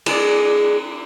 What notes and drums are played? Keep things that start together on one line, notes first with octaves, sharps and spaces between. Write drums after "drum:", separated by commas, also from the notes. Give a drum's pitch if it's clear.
G#3 G#4 D5, drum: cymbal